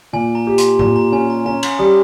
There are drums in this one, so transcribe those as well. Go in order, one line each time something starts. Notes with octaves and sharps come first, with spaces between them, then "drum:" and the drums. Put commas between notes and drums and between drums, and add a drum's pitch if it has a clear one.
A#2 G#5
A#5
G4
C6, drum: hi-hat
A#2 A#5, drum: tom A2
A#5
C#4 G#5
A#5
C#4 A#5
C6, drum: cymbal
G3 D#6